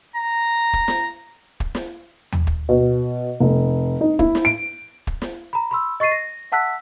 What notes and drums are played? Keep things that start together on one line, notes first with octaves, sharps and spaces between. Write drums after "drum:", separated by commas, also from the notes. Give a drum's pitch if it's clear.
A#5
drum: kick
drum: snare
drum: kick
drum: snare
drum: tom
drum: kick
B2
F1
D#4
E4, drum: kick
drum: snare
D7
drum: kick
drum: snare
A#5 B5
B5 C6 E6
D#5 C#6 A6 C7 D#7
A#6
E5 F#5 A5 E6 F#6 B6